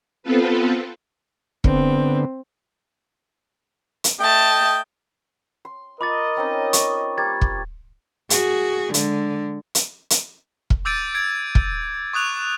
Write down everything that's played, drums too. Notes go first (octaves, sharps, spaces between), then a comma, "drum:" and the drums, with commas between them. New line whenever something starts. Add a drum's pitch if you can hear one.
B3 C4 F4 A4 B4
D3 B3 C4, drum: kick
drum: hi-hat
A3 D#5 G5 A5
C6
F4 A#4 D#5 B5 C#6 D6 A6
C4 C#4 D#4
C#6, drum: hi-hat
G3 A#3 G#6 A6
drum: kick
F#4 G#4, drum: hi-hat
D3 G#3, drum: hi-hat
drum: hi-hat
drum: hi-hat
drum: kick
D6 E6 G6 A6 D7 D#7
G#6 D7
drum: kick
C#6 D#6 F#6 F7